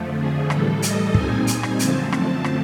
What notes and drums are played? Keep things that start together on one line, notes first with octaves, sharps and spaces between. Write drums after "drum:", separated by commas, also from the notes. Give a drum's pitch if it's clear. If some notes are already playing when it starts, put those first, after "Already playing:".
Already playing: F2 D3 F3 A3
G#4
A2 E3 G3 A4, drum: rim click
D#5, drum: hi-hat
A#2 G3 C4 D#4 G#5, drum: kick
drum: hi-hat
drum: rim click
F#2 D3 F3 A3 C4 A5, drum: hi-hat
A5, drum: rim click
drum: rim click